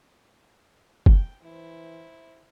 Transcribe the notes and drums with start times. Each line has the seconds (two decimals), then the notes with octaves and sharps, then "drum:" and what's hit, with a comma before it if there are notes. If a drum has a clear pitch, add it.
1.06 G5, drum: kick
1.43 E3 E4 C5